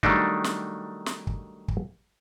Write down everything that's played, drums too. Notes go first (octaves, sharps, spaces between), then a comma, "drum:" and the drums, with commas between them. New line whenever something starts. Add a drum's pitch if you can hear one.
D#3 F#3 G3 A3 D4 D#4, drum: kick
drum: snare
drum: snare
drum: kick
drum: kick